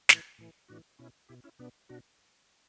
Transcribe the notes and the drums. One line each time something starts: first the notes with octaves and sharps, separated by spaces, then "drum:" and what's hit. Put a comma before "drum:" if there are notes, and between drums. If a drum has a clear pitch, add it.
A2 E3, drum: snare
A2 E3
A2 E3 D4 F#4
B2 C#4 E4
B2 E4 G4
C#4 E4
B2 B3 D4
B2 D4 F#4